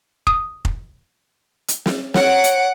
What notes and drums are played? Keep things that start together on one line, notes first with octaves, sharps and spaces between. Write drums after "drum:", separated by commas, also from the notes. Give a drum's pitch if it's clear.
D#6, drum: kick F1
drum: kick F1
drum: hi-hat
drum: snare
C#5 F#5 D7, drum: snare
drum: hi-hat